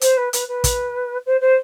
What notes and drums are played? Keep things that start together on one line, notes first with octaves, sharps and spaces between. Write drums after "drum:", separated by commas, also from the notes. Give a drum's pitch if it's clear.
C5, drum: hi-hat
B4
B4, drum: hi-hat
B4
drum: kick, hi-hat
C5
C5